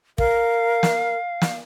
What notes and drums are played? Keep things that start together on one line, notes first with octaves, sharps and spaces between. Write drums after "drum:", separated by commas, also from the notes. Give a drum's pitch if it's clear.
A#4 F5, drum: kick
drum: snare
drum: snare